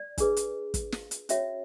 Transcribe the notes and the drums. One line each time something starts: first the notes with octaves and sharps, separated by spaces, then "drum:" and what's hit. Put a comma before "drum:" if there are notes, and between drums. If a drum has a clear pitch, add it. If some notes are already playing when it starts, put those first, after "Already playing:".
Already playing: D5
D4 G#4 B4, drum: kick, hi-hat
drum: hi-hat
drum: kick, hi-hat
drum: snare
drum: hi-hat
C#4 F#4 C#5 E5, drum: hi-hat